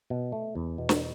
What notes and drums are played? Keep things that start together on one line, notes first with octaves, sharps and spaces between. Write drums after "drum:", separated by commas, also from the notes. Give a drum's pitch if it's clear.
B2
A3
E2
B2
drum: snare